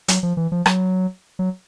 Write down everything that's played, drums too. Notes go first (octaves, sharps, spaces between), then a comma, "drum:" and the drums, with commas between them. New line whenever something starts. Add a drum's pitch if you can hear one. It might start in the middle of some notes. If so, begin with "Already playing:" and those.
F#3, drum: hi-hat
F3
E3
F3
F#3, drum: rim click
F#3